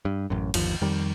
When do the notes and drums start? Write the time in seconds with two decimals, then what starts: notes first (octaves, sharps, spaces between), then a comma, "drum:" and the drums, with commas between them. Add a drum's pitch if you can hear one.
0.05 G2
0.30 A1 F#2
0.54 G1 D#2 F3, drum: cymbal
0.81 F2 D#3 G3